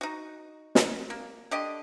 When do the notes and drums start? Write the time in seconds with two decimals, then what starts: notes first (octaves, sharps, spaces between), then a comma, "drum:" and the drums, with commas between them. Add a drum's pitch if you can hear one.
0.01 D#4 F#4
0.75 drum: snare
1.10 A#3
1.51 D3 G4 D#5